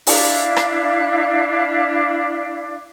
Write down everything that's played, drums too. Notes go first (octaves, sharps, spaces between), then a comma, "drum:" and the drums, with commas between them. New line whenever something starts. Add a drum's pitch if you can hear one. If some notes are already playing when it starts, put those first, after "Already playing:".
D4 E4 F5, drum: open hi-hat
drum: rim click